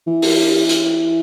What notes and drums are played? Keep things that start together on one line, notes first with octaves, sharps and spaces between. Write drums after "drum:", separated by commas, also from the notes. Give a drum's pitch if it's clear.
E3
drum: open hi-hat
drum: hi-hat